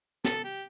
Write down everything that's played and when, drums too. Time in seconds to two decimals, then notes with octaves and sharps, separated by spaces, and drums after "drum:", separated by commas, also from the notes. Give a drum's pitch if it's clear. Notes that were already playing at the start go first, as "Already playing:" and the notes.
0.24 A4, drum: snare
0.44 G4